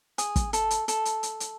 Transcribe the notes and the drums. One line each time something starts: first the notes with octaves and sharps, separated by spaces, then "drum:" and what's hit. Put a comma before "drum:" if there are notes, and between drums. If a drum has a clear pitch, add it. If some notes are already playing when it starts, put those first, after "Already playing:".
G#4, drum: hi-hat
drum: kick, hi-hat
A4, drum: hi-hat
drum: hi-hat
A4, drum: hi-hat
drum: hi-hat
drum: hi-hat
drum: hi-hat